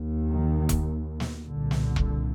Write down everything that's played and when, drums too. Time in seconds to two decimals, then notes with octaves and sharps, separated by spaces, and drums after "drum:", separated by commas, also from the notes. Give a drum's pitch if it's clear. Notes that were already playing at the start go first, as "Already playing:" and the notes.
Already playing: D#2
0.31 D#3
0.69 drum: kick E1, hi-hat
1.20 drum: snare
1.45 C2 A#2 D3
1.71 drum: snare
1.96 drum: kick E1